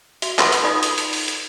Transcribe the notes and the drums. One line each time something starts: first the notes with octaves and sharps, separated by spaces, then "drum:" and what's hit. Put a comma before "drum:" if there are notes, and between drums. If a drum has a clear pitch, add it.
F#4 E5, drum: hi-hat
F4 A4 B4 E5 F#5 C6, drum: clap
drum: hi-hat
D#4 F4 A4 D5 B5 D#6
drum: hi-hat
drum: hi-hat
drum: open hi-hat
drum: hi-hat